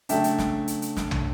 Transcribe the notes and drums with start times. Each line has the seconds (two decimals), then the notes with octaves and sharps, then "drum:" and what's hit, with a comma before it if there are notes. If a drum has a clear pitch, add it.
0.09 C#3 F#3 A3 D4 E5 G5, drum: hi-hat
0.24 drum: hi-hat
0.38 drum: snare
0.68 drum: hi-hat
0.82 drum: hi-hat
0.97 drum: snare
1.11 drum: tom